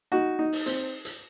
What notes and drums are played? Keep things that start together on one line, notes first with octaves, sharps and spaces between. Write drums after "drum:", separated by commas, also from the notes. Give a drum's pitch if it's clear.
D#4 F#4
D#4
drum: open hi-hat
C4, drum: hi-hat
drum: hi-hat